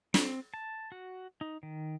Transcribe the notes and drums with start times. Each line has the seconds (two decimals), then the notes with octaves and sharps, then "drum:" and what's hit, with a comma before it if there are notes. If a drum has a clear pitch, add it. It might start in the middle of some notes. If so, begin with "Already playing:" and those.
0.14 C4, drum: snare
0.54 A5
0.92 F#4
1.41 D#4
1.63 D#3